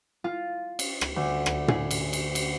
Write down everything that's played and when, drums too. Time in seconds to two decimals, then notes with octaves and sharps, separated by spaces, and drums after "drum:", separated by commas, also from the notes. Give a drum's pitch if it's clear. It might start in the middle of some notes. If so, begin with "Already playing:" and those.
0.24 F4
0.79 drum: cymbal
1.01 drum: rim click
1.16 D2
1.46 drum: rim click
1.68 G#4, drum: tom
1.91 drum: cymbal
2.13 drum: cymbal
2.35 drum: cymbal